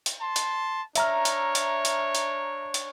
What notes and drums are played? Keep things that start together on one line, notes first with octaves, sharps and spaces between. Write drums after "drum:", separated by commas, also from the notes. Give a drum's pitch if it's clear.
drum: hi-hat
A5 C6
drum: hi-hat
D4 C#5 E5 A#5 F6, drum: hi-hat
drum: hi-hat
drum: hi-hat
drum: hi-hat
drum: hi-hat
drum: hi-hat